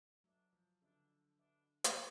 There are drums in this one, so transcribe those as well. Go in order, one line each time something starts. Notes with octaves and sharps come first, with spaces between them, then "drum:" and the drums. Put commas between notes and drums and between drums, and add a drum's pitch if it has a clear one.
B2 F#3 A3 D4
F3
B2 D3 A3 D4
B2 A3 D4
drum: hi-hat
B2 D3 A3 D4